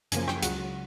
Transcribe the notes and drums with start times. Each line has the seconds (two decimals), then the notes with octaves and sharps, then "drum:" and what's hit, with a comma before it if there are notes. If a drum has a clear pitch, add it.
0.12 F#2 C#3 F3 A#3 G#5, drum: hi-hat
0.28 G5, drum: rim click
0.42 C#2 C#3 F#3 F#5, drum: hi-hat